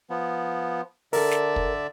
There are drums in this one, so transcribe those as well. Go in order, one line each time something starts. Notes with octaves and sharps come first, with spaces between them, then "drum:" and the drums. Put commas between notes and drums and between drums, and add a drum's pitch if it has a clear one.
F3 B3
D3 A4 A#4 D5 E5, drum: open hi-hat
drum: snare
drum: kick